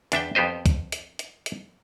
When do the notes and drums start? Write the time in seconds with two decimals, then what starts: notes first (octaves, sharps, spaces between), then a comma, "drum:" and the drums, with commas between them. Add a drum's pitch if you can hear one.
0.12 E2 D4 E5 G5, drum: hi-hat
0.35 F2 B3 G4 C5 D#5
0.66 drum: kick, hi-hat
0.92 drum: hi-hat
1.19 drum: hi-hat
1.46 drum: hi-hat